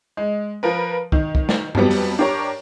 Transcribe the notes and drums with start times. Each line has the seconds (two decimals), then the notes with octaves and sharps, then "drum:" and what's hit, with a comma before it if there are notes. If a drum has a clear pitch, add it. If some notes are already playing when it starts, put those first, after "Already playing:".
0.17 G#3
0.63 F3 A#4 B4
1.12 D#3, drum: kick
1.35 drum: kick
1.49 drum: snare
1.75 F2 F#3 G3 B3, drum: tom G2
1.91 drum: open hi-hat
2.19 D4 G4 A#4 C#5 A#5